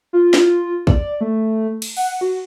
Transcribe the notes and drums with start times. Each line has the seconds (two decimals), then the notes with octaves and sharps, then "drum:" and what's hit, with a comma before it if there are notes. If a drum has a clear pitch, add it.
0.13 F4
0.34 drum: snare
0.87 D5, drum: kick
1.21 A3
1.82 drum: cymbal
1.97 F#5, drum: open hi-hat
2.21 F#4